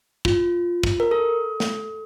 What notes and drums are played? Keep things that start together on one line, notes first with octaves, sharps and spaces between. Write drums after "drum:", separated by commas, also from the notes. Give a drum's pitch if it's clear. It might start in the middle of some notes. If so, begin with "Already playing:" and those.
F4, drum: kick
drum: kick
A#4
A4
drum: snare